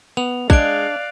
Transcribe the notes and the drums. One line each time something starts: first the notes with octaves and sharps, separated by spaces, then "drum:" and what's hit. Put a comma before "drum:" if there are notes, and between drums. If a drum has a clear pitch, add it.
B3 F7
G#3 D4 D5 F5 F#6 D7, drum: kick